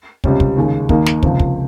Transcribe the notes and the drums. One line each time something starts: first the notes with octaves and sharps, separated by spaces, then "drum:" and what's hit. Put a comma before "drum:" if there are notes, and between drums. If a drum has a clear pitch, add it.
C#2 C3 G3 C#4, drum: kick
drum: kick
D#2 C#3 G#3
D#2 D#3 A#3 D#4, drum: kick
drum: snare
C#2 C3 F3 C4, drum: kick
drum: kick